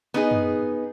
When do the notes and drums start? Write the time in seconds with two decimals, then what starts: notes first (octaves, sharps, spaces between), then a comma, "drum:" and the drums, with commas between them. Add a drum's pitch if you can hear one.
0.14 B3 D#4 G#4
0.31 drum: tom